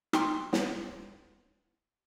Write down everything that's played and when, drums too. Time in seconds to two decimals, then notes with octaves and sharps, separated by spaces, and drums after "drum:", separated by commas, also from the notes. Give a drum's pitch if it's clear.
0.13 D#4 G5 C6, drum: rim click
0.53 drum: snare